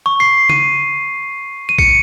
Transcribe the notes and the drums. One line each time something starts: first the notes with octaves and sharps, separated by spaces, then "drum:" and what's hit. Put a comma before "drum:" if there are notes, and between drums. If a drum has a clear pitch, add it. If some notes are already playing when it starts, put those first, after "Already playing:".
C#6
C7
D#7, drum: tom C#3
D#7
C#7, drum: kick A#1